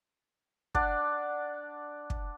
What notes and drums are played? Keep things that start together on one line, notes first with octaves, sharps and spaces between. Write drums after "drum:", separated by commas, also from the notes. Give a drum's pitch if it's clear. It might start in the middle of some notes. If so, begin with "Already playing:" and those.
D4 D5 F#5, drum: kick
drum: kick